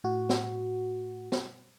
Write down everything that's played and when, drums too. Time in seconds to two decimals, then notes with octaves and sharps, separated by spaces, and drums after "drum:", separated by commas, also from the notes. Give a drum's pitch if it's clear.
0.04 A2 F#4
0.29 drum: snare
1.32 drum: snare